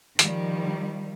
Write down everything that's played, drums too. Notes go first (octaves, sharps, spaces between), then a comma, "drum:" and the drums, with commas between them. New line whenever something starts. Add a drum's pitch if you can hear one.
D#3 F3 G3, drum: hi-hat